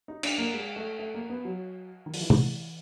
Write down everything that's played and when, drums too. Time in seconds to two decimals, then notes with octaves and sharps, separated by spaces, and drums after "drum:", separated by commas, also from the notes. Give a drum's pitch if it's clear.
0.08 D#4
0.23 D4, drum: cymbal
0.38 A#3
0.53 G#3
0.76 A3
0.99 A3
1.14 A#3
1.30 B3
1.45 F#3
2.06 D#3
2.14 F3, drum: open hi-hat
2.21 E3
2.30 drum: tom